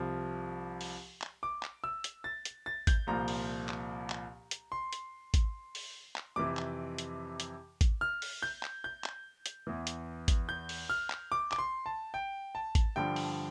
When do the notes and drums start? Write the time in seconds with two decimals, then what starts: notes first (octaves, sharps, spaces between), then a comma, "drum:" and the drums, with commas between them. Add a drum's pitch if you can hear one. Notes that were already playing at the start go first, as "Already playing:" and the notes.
Already playing: C2 C3 F3
0.81 drum: open hi-hat
1.22 drum: clap
1.43 D6
1.63 drum: clap
1.84 E6
2.04 drum: hi-hat
2.24 A6
2.45 drum: hi-hat
2.66 A6
2.87 G6, drum: kick G#1, hi-hat
3.07 C2 A#2 F3 A#5
3.28 drum: open hi-hat
3.69 drum: clap
4.10 drum: clap
4.51 drum: hi-hat
4.72 C6
4.93 drum: hi-hat
5.34 drum: kick G#1, hi-hat
5.75 drum: open hi-hat
6.16 drum: clap
6.36 F2 C3 E3 D6
6.57 drum: clap
6.98 drum: hi-hat
7.40 drum: hi-hat
7.81 drum: kick G#1, hi-hat
8.01 F6
8.22 drum: open hi-hat
8.43 G6
8.63 drum: clap
8.84 G6
9.04 drum: clap
9.46 drum: hi-hat
9.67 E2 E3
9.87 drum: hi-hat
10.28 drum: kick G#1, hi-hat
10.49 G6
10.69 drum: open hi-hat
10.90 F6
11.10 drum: clap
11.32 D6
11.52 D6, drum: clap
11.59 C6
11.86 A5
12.14 G5
12.55 A5
12.75 drum: kick G#1, hi-hat
12.96 G2 D3 F3 G5
13.16 drum: open hi-hat